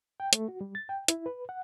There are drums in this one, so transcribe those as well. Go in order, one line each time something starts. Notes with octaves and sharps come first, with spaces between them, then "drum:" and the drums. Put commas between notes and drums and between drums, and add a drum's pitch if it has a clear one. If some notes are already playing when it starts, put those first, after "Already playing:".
G5
A3, drum: hi-hat
F#4
G3
A6
G5
E4, drum: hi-hat
B4
F#5